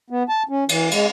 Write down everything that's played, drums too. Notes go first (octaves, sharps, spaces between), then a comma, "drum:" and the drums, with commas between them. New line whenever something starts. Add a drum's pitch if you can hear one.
B3
A5
C#4
E3, drum: cymbal
G#3, drum: cymbal